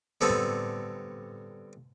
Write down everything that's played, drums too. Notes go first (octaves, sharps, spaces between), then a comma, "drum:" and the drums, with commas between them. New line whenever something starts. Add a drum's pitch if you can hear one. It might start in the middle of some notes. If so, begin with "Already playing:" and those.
D3 G3 B3 C4 A4
drum: tom A2